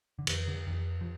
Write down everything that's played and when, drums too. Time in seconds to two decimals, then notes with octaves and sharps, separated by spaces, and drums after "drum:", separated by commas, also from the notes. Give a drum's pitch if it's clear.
0.19 D3
0.27 F2 D#3, drum: cymbal
0.48 D3
0.67 F2 D#3
1.01 F3